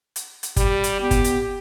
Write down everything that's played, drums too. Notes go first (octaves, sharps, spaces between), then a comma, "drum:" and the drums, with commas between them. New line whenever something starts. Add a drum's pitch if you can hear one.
drum: hi-hat
drum: hi-hat
G3 G4, drum: kick G1, hi-hat
drum: hi-hat
B3 G4
drum: kick G1, hi-hat
drum: hi-hat